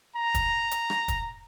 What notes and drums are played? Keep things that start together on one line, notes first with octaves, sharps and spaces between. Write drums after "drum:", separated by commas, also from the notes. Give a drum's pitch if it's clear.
A#5
drum: kick, hi-hat
drum: hi-hat
drum: rim click
drum: kick, hi-hat